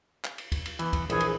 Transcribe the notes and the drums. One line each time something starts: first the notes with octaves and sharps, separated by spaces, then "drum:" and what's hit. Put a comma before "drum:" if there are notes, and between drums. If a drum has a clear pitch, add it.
drum: clap
drum: cymbal
drum: kick, cymbal
drum: cymbal
E3 B3, drum: cymbal
drum: kick, cymbal
A#1 E3 G#4, drum: cymbal
drum: cymbal